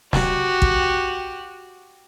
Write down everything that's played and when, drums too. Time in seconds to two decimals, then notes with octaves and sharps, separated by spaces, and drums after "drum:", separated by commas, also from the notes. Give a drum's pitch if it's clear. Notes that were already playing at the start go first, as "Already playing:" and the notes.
0.13 F#4 G4, drum: snare
0.62 drum: kick